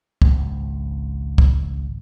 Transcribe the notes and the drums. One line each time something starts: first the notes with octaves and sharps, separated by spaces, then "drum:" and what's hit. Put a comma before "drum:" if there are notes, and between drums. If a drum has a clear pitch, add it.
G#1 C#2, drum: kick
drum: kick